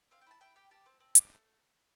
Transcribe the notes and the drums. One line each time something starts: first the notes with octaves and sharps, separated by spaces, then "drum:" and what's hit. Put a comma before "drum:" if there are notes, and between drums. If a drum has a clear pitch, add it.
C4 F5
G5
E4 A5
E4 G5
G4 G5
G4 A5
C4
C4
G4, drum: hi-hat
A3